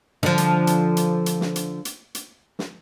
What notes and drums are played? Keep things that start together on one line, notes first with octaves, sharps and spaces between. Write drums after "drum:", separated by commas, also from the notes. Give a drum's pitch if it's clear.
D3 F3, drum: snare
drum: hi-hat
drum: hi-hat
drum: hi-hat
drum: hi-hat
drum: snare
drum: hi-hat
drum: hi-hat
drum: hi-hat
drum: snare